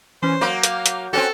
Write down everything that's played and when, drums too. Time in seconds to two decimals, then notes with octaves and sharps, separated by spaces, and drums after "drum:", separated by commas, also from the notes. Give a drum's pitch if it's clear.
0.22 E3 C#4 C5
0.41 F#3 A#3 D6 G6
0.63 F5, drum: hi-hat
0.86 drum: hi-hat
1.13 C4 C#4 F#4 A4